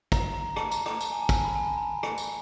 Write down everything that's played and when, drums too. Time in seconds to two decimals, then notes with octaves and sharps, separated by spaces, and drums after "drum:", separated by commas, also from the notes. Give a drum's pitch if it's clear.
0.12 A#5, drum: kick, tambourine
0.34 A#5
0.56 A5, drum: rim click
0.71 A#5, drum: tambourine
0.86 A#5, drum: rim click
1.01 A5, drum: tambourine
1.11 G#5
1.22 A5
1.29 G#5, drum: kick, tambourine
1.34 A5
1.45 B5
1.56 G#5
1.67 A5
1.77 A#5
2.03 drum: rim click
2.18 drum: tambourine